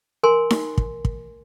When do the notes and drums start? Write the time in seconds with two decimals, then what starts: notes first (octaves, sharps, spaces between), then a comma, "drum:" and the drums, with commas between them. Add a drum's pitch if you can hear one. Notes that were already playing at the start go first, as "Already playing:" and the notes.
0.23 A#4 G#5 C6
0.51 drum: snare D#4
0.78 drum: kick
1.05 drum: kick